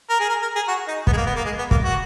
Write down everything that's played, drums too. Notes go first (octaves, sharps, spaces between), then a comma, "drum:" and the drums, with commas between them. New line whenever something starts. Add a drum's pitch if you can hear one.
A#4
G#4
A#4
A#4
G#4
F#4
D#4
B3, drum: kick
G#3
A#3
B3
A#3
G#3
B3
A#3, drum: kick
F#4